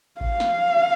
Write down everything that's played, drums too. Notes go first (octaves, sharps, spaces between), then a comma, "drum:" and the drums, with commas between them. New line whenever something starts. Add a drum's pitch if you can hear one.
F5, drum: kick G#1
drum: snare